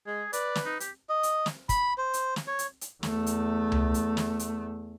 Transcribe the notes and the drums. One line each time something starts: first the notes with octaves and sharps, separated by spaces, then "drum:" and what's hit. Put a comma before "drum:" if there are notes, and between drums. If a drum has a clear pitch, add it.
G#3 G#4
B4 D5, drum: hi-hat
drum: snare
D#4
G4, drum: hi-hat
D#5
drum: hi-hat
drum: snare
B5, drum: kick, hi-hat
C5
drum: hi-hat
drum: snare
C#5
drum: hi-hat
drum: hi-hat
E2 A3, drum: snare
drum: hi-hat
drum: tom C#2
drum: hi-hat
drum: snare
drum: hi-hat